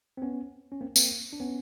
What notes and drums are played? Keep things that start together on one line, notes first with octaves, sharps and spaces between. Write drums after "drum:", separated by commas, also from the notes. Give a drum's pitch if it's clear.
C4
B3 C#4
C#4
A#3 C4
A#3 C4, drum: tambourine
D4
B3 C#4